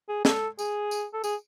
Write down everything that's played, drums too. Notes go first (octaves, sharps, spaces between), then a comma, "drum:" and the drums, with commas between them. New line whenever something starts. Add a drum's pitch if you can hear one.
G#4
A4, drum: snare
G#4, drum: tambourine
drum: tambourine
A4
G#4, drum: tambourine